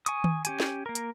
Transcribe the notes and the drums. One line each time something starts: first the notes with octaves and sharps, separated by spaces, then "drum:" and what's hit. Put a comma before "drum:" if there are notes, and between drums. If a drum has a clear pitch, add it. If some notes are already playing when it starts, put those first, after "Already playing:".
G#5 C#6 D#6, drum: hi-hat
drum: tom D#3
C#4 G4 G#5, drum: hi-hat
drum: snare
A#3 A#4
drum: hi-hat